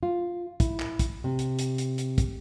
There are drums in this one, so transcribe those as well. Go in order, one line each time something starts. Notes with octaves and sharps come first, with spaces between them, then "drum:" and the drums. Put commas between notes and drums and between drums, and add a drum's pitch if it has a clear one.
F4
E4, drum: kick, hi-hat
drum: clap
drum: kick, hi-hat
C3
drum: hi-hat
drum: hi-hat
drum: hi-hat
drum: hi-hat
drum: kick, hi-hat